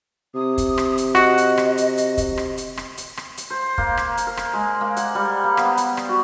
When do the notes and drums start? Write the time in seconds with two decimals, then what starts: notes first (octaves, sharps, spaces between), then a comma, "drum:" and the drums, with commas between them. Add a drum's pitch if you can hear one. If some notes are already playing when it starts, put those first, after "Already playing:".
0.35 C3 D#6
0.58 drum: kick, hi-hat
0.78 drum: rim click
0.98 drum: hi-hat
1.15 F#4 D#5, drum: rim click
1.38 drum: hi-hat
1.58 drum: rim click
1.78 drum: hi-hat
1.98 drum: hi-hat
2.18 drum: kick, hi-hat
2.37 drum: rim click
2.57 drum: hi-hat
2.77 drum: rim click
2.97 drum: hi-hat
3.17 drum: rim click
3.37 drum: hi-hat
3.50 C5
3.78 A#3, drum: kick
3.97 drum: rim click
4.17 drum: hi-hat
4.27 A#4
4.37 drum: rim click
4.53 G#3
4.81 A#3
4.96 F#5, drum: hi-hat
5.15 G3
5.44 A#3
5.57 B3, drum: rim click
5.77 drum: hi-hat
5.97 drum: rim click
6.09 F#4